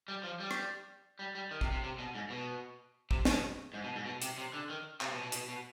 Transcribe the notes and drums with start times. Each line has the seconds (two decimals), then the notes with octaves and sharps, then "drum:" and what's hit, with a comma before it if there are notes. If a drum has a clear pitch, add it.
0.08 G3
0.24 F3
0.40 G3
0.51 drum: rim click
1.19 G3
1.35 G3
1.51 D#3
1.61 C3, drum: kick
1.72 C3
1.83 C3
1.98 B2
2.15 G#2
2.30 B2
3.11 C3, drum: kick
3.25 B2, drum: snare
3.74 G#2
3.84 B2
3.95 G#2
4.06 B2
4.22 C3, drum: hi-hat
4.38 C3
4.53 D3
4.70 D#3
5.01 C3, drum: clap
5.12 B2
5.22 B2
5.32 B2, drum: hi-hat
5.48 B2